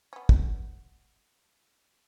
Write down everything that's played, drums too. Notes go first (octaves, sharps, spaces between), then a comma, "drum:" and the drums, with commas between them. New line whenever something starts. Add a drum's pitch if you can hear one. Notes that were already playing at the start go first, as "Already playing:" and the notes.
B3 C#4
drum: kick